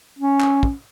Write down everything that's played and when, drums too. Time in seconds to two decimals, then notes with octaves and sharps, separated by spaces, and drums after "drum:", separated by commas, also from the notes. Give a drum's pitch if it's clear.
0.19 C#4
0.41 drum: clap
0.63 drum: kick